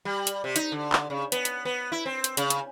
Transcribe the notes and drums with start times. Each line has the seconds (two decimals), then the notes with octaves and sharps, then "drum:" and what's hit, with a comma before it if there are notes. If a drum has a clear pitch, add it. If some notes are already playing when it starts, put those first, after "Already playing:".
0.05 G3
0.27 drum: hi-hat
0.44 C3
0.56 D#4, drum: hi-hat
0.72 D3
0.93 drum: clap
1.10 C#3
1.32 B3, drum: hi-hat
1.45 drum: hi-hat
1.65 B3
1.92 E4
2.06 C4
2.24 drum: hi-hat
2.37 C#3, drum: hi-hat
2.50 drum: hi-hat